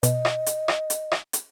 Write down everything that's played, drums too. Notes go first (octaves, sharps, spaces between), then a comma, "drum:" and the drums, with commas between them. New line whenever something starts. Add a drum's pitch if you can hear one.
B2 D#5, drum: hi-hat
drum: rim click
drum: hi-hat
drum: rim click
drum: hi-hat
drum: rim click
drum: hi-hat